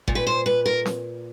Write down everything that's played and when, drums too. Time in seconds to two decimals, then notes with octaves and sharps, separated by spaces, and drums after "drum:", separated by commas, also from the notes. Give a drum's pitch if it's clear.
0.08 A#2, drum: kick G#1
0.15 B4
0.27 C5
0.46 B4
0.66 A#4
0.86 drum: snare